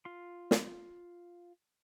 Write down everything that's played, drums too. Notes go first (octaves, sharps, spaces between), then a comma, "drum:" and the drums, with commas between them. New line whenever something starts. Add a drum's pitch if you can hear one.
F4 C6
drum: snare